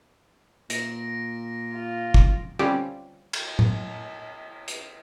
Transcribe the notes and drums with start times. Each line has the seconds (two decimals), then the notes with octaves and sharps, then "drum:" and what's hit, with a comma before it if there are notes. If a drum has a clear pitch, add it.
0.70 A#2 A#6 D7, drum: hi-hat
1.73 F4
2.14 drum: kick
2.59 D3 G3 C4 C#4 F4 G4
3.33 drum: cymbal
3.59 drum: tom A2
4.68 drum: hi-hat